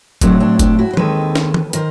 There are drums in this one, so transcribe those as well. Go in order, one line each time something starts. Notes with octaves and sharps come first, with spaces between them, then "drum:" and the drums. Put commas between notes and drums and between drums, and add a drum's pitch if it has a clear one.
A2 F#3 A3 C4 D4, drum: kick F#1, hi-hat
C4 D4
C4 D4, drum: kick F#1, hi-hat
E4 F#4
C5
D#2 D#3 G#3 C4 A4 B4, drum: tom
drum: snare
drum: tom
D#3 A#4 C5, drum: hi-hat